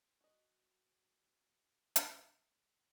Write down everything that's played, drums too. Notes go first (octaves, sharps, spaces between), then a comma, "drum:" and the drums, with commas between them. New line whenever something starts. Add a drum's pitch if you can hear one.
F#4 D#5
drum: hi-hat